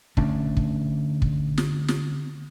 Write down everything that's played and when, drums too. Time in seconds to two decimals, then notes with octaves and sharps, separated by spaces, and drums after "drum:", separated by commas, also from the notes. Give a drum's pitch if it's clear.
0.17 D3 A3 C#4 D4, drum: kick
0.57 drum: kick
1.22 drum: kick
1.58 drum: snare
1.88 drum: snare